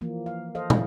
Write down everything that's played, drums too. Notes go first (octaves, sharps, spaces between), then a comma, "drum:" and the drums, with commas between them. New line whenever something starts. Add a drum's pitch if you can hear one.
E3 F3 A#3
F5
A4 C5 D#5 F5
C#3 E3 F#3 E4 G#4, drum: tom